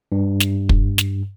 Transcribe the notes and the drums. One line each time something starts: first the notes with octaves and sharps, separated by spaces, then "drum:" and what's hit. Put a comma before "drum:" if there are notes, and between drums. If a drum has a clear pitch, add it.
G2
drum: snare
drum: kick
drum: snare